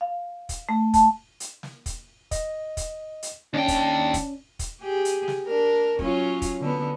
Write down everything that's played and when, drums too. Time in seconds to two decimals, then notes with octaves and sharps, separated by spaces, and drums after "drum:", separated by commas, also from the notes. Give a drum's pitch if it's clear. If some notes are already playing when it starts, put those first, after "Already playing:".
0.01 F5
0.49 drum: kick, hi-hat
0.69 A3
0.94 A5, drum: kick, hi-hat
1.40 drum: hi-hat
1.63 drum: snare
1.86 drum: kick, hi-hat
2.31 D#5, drum: kick, hi-hat
2.77 drum: kick, hi-hat
3.23 drum: hi-hat
3.54 D#2 C#4 D4 G5
3.68 drum: kick, hi-hat
4.14 drum: kick, hi-hat
4.59 drum: kick, hi-hat
4.82 G4 G#4
5.05 drum: hi-hat
5.28 drum: snare
5.46 D4 A#4
5.99 F#3 C#4 F4, drum: kick
6.42 drum: kick, hi-hat
6.61 D3 B3